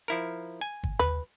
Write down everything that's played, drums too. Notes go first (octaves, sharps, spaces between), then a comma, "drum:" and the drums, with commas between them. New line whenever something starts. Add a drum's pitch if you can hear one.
F3 E4 A#4
G#5
drum: kick
B4, drum: tom D#2